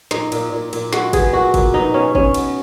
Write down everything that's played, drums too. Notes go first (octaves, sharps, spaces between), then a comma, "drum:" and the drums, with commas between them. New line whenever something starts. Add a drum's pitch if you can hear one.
A#2 D#4, drum: snare
A#2, drum: cymbal
A#2
A#2, drum: cymbal
G#3 F#4, drum: snare
B3 G#4, drum: kick, cymbal
A#2 F#4
A#2, drum: kick, cymbal
B2 D#4
B2 C#4
B2 C#4, drum: kick
B3, drum: cymbal